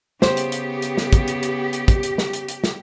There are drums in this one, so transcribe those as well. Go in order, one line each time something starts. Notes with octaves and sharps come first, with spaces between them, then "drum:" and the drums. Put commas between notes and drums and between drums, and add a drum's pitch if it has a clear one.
C#3 B3 G4 C5, drum: snare
drum: hi-hat
drum: hi-hat
drum: hi-hat
drum: snare
drum: kick, hi-hat
drum: hi-hat
drum: hi-hat
drum: hi-hat
drum: kick, hi-hat
drum: hi-hat
drum: snare
drum: hi-hat
drum: hi-hat
drum: snare